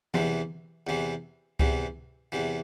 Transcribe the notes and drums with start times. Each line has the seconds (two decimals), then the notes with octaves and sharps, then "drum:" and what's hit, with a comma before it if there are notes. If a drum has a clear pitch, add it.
0.14 E2 C3 E3, drum: tom E3
0.87 E2 C3 E3
1.60 E2 C3 E3, drum: kick C#2
2.32 E2 C3 E3